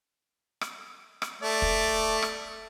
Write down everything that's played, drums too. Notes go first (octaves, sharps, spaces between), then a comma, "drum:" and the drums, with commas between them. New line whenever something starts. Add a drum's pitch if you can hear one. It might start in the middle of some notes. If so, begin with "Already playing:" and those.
drum: rim click
drum: rim click
A3 D5
drum: kick
drum: rim click